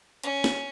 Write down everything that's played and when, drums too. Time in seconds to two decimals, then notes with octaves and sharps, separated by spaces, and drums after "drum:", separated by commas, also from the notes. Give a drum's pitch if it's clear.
0.24 C#4, drum: hi-hat
0.44 drum: snare